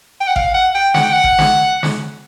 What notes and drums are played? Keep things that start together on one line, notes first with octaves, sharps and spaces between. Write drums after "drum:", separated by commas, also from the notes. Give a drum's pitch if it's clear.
G5
F#5
F5, drum: kick
F#5
G5
F#5, drum: snare
G5
F#5
drum: kick
drum: snare
drum: snare